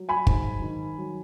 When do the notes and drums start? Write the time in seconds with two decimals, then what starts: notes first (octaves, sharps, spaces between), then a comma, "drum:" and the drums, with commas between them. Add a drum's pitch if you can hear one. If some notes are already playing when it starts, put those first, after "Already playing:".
Already playing: F#3
0.09 G#5 B5
0.27 G#2, drum: kick
0.62 D#3
0.98 F#3